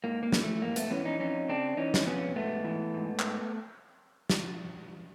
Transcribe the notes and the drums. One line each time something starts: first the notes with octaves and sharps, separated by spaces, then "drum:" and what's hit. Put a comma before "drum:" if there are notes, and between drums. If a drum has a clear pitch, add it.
G#2 A#3
A#3
E3, drum: snare
A3
G#2 A#3
A3 B3, drum: hi-hat
E3 B3 C#4
C#4 D#4
F2 C#4 D#4
C#3 C4 D4
E3 C#4 D#4
drum: snare
F2 B3 C#4
G#2 A3 B3
E3
G#2
drum: clap
drum: snare